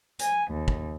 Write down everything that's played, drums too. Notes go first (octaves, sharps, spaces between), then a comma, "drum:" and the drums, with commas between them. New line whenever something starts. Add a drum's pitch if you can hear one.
G#5, drum: hi-hat
D#2
drum: kick